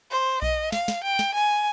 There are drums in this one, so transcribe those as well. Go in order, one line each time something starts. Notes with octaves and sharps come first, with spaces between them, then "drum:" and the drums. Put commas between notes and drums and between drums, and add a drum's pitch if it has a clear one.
C5
D#5, drum: kick B1
F5, drum: snare
drum: snare
G5
drum: snare
G#5